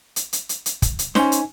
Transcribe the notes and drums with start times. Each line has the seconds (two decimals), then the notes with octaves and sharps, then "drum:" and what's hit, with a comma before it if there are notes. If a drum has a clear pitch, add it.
0.16 drum: hi-hat
0.33 drum: hi-hat
0.49 drum: hi-hat
0.66 drum: hi-hat
0.82 drum: kick, hi-hat
0.99 drum: hi-hat
1.15 C#4 D#4 C5 G#5, drum: snare
1.32 drum: hi-hat